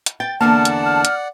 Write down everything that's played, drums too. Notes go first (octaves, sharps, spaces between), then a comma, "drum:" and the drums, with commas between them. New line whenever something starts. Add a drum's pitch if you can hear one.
drum: hi-hat
G5 A6
E2 D3 A#3 D5 F#5 A5 F6
drum: hi-hat
F6
drum: hi-hat